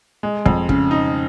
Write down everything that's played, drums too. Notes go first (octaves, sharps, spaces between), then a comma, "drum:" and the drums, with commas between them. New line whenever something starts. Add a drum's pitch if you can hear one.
G#3
F2, drum: kick
C#3, drum: kick
D#4